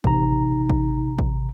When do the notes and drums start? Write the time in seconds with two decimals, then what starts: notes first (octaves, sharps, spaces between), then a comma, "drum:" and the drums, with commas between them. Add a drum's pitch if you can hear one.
0.04 A1 C3 D#4 A#5, drum: kick
0.70 drum: kick
1.19 drum: kick